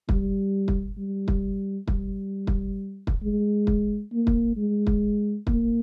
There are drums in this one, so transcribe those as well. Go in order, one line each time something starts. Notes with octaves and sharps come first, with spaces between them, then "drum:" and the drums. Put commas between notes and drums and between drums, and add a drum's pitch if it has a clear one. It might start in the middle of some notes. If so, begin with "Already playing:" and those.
G3, drum: kick
drum: kick
G3
drum: kick
G3, drum: kick
drum: kick
drum: kick
G#3
drum: kick
A#3
drum: kick
G#3
drum: kick
A#3, drum: kick